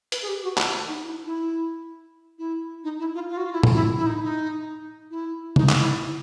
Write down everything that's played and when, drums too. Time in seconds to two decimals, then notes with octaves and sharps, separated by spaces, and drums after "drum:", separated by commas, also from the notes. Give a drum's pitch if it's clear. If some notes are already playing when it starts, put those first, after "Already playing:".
0.12 B4, drum: hi-hat
0.22 G#4
0.28 G4
0.43 F#4
0.58 F4, drum: clap
0.88 D#4
1.03 E4
1.25 E4
2.38 E4
2.84 D#4
2.99 E4
3.14 F4
3.29 F4
3.37 F#4
3.45 F4
3.52 E4
3.63 drum: tom
3.74 E4
3.97 E4
4.06 D#4
4.22 D#4
5.10 E4
5.56 D#4, drum: tom
5.69 drum: clap
5.79 E4
6.01 E4